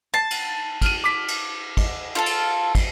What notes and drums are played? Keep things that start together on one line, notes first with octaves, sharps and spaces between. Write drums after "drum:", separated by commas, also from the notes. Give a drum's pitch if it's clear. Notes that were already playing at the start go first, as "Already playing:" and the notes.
A5 A6 C7
drum: cymbal
F6 D#7, drum: kick, cymbal
D6 B6
drum: cymbal
drum: kick, cymbal
F4 A4 A5
drum: cymbal
drum: kick, cymbal